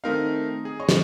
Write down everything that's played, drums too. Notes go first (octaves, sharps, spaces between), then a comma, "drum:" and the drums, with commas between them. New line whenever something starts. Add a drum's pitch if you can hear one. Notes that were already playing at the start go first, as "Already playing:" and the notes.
D#3 A3 C4 D#4 A#4 F5
G#4
C#5 D#5 C#6
drum: snare